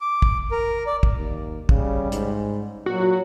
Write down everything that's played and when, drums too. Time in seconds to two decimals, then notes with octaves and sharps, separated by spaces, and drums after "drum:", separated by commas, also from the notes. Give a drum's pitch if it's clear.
0.01 D6
0.22 drum: kick
0.51 A#4
0.87 D5
1.03 drum: kick
1.18 D#2
1.69 C#3 G3, drum: kick
2.12 G#2, drum: hi-hat
2.86 A#2 F#3 F#4